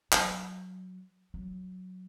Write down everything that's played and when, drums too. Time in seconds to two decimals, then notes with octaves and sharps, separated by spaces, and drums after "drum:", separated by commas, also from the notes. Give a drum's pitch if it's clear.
0.12 F#3, drum: clap
1.34 F#3